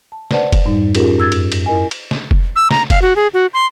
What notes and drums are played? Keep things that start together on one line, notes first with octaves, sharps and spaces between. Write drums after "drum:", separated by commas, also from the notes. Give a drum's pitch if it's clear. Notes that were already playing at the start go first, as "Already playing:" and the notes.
A5
B4 C5 D5 F#5 A5, drum: snare
drum: kick F1, cymbal
F2 G#2 G3 D#4
C#4 F4 G4 G#4 A#4 C5, drum: cymbal
F#2 E6 G#6 A6
drum: cymbal
drum: cymbal
E4 A#4 D#5 G#5
drum: cymbal
drum: snare
drum: kick F1
E6
A#5, drum: snare
F5, drum: kick F1, cymbal
F#4
G#4
F#4
C6